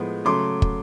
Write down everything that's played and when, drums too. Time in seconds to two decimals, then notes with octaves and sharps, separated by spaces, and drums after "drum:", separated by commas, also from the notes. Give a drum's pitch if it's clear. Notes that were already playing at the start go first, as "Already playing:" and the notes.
Already playing: A2 F3 G#3 B3
0.25 C#3 F#3 A3 C6 D6
0.62 drum: kick